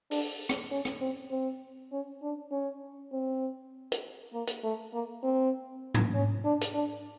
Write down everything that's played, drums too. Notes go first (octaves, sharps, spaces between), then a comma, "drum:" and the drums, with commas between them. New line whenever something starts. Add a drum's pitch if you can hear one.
D4, drum: open hi-hat
drum: rim click
C#4
drum: rim click
C4
C4
C#4
D4
C#4
C4
drum: hi-hat
A#3
drum: hi-hat
A3
A#3
C4
drum: tom G#2
C#4
D4
drum: hi-hat
D4